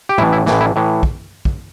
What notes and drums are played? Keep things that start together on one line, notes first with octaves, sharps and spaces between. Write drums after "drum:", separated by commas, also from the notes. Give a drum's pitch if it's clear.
G4
A1 A2 E3 E4, drum: tom A2
E4
A1 A2 E3, drum: snare
E4
A2 E3
drum: kick
drum: kick